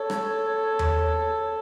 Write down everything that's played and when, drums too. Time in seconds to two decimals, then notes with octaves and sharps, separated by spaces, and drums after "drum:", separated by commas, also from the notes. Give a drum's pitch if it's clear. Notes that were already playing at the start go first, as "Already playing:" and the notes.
Already playing: A4 C#5
0.10 drum: rim click
0.79 drum: tom D#2